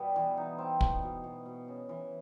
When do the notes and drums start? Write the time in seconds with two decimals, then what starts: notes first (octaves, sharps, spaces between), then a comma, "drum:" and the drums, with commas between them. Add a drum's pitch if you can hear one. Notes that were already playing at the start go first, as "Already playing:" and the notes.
Already playing: B2 G3 B3
0.16 E3
0.37 D#4
0.58 C4
0.81 B2, drum: kick
1.02 B2
1.24 B2
1.45 B2
1.68 C#3
1.89 E3